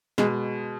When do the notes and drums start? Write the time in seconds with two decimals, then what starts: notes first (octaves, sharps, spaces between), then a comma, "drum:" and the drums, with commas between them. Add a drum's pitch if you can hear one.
0.18 B2 G#3, drum: snare